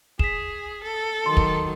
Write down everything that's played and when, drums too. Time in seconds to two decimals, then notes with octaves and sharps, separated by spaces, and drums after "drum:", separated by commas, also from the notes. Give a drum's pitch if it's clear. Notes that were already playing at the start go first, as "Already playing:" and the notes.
0.19 G#4 B6 E7, drum: kick
0.84 A4
1.26 D#3 F#3 C6
1.37 drum: kick